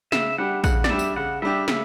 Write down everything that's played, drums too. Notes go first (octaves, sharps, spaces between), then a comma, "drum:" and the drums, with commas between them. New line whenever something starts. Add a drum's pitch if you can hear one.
C#3 E5, drum: snare
G3 D4 G4 F#5
C#3 F#5, drum: kick A#1, tambourine
D5, drum: snare
G3 D4 G4 E5
drum: tambourine
C#3 F#5
G3 D4 G4 E5
C#3 E5, drum: snare